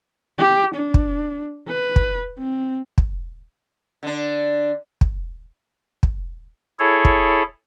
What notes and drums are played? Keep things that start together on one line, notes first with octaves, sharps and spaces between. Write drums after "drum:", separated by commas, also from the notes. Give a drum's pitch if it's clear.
G4
D4
drum: kick
B4
drum: kick
C4
drum: kick
D3 D4
drum: kick
drum: kick
E4 G#4 A4 C#5
drum: kick